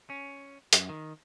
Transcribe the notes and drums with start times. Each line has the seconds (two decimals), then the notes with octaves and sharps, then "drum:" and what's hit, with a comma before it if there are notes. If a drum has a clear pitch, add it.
0.10 C#4
0.73 F#2, drum: hi-hat
0.89 D#3